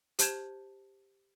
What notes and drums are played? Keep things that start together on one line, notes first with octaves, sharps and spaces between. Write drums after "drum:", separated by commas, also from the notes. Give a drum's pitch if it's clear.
G4 C5 A5 G6 G#6 E7, drum: hi-hat